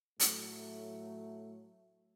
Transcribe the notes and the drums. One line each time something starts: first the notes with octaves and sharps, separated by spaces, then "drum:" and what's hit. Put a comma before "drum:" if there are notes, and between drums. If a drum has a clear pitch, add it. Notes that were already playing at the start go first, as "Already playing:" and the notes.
A2 F#3 A3, drum: hi-hat